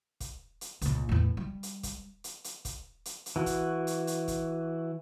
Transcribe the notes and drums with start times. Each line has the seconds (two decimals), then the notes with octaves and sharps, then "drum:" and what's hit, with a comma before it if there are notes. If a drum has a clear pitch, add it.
0.20 drum: kick, hi-hat
0.61 drum: hi-hat
0.81 C#2 A#2, drum: hi-hat
1.09 E2 A2
1.37 G3
1.63 drum: hi-hat
1.83 drum: kick, hi-hat
2.24 drum: hi-hat
2.44 drum: hi-hat
2.65 drum: kick, hi-hat
3.05 drum: hi-hat
3.26 drum: hi-hat
3.36 E3 F#4
3.46 drum: kick, hi-hat
3.87 drum: hi-hat
4.07 drum: hi-hat
4.28 drum: kick, hi-hat